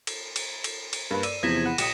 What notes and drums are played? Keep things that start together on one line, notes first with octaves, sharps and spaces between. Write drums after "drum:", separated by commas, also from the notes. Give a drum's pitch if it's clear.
drum: cymbal
drum: cymbal
drum: cymbal
drum: cymbal
G2 A#3 B4
D5 E6 D#7, drum: cymbal
E2 C3 F3 G#6 A#6 B6 E7
F#5 B5
A#1 G4 D#6 C#7 E7, drum: cymbal